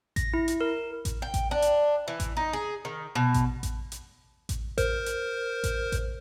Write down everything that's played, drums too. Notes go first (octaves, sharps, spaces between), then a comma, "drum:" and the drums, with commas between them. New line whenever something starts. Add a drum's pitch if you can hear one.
A#6, drum: kick A1, hi-hat
E4
drum: hi-hat
A#4
drum: kick A1, hi-hat
G5
drum: kick A1, hi-hat
D4
drum: hi-hat
E3
drum: kick A1, hi-hat
D#4
G#4
D#3
B2
drum: kick A1, hi-hat
drum: kick A1, hi-hat
drum: hi-hat
drum: kick A1, hi-hat
A#4 C5, drum: kick A1, hi-hat
drum: hi-hat
drum: kick A1, hi-hat
drum: kick A1, hi-hat